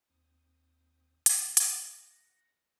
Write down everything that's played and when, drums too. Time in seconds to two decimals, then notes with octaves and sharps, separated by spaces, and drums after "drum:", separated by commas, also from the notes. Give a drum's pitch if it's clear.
0.10 D#2 C4 D#6
1.26 D3 A#3, drum: hi-hat
1.57 drum: hi-hat
1.69 F#5 A#6